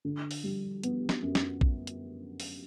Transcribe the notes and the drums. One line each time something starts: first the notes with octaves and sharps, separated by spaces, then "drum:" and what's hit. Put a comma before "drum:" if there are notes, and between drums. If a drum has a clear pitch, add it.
D3
drum: open hi-hat
G3
B3, drum: hi-hat
drum: snare
F#2
drum: snare
drum: kick
drum: hi-hat
drum: open hi-hat